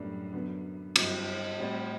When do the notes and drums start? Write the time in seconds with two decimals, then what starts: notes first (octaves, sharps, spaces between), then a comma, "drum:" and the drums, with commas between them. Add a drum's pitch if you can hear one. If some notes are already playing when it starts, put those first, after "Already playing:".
Already playing: F#2 A2 G3 B3 D4
0.33 D3 F#3 B3
0.96 G2 D3 F#3 C4 E4, drum: cymbal
1.58 A2 G3 C4 G4 D5